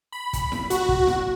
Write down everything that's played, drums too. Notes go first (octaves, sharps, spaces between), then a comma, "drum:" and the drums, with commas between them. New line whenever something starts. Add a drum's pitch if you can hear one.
B5
drum: kick, hi-hat
drum: snare E4
F#4, drum: hi-hat
drum: kick
drum: snare E4